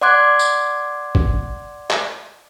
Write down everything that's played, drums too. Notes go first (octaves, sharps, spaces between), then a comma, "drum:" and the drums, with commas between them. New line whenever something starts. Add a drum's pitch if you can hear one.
D5 F#5 C6 D6 F#6 G#6
drum: tambourine
drum: kick G1
drum: clap